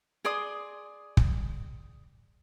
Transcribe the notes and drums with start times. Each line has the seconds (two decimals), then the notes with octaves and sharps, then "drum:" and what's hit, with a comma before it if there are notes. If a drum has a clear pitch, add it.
0.25 G#4 D5 C6 D#6
1.17 drum: kick